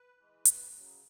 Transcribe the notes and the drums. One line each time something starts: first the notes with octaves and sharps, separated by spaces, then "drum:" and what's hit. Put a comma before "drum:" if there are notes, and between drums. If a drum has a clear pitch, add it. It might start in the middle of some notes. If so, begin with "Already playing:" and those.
Already playing: B4
E3 G#3
D#2, drum: hi-hat
C#3 F#3